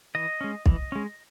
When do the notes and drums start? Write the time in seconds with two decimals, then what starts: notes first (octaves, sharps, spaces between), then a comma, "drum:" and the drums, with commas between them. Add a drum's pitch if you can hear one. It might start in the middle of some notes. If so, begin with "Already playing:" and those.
0.15 E3 D#5
0.41 G#3 C#4
0.66 E3, drum: kick
0.92 G#3 C#4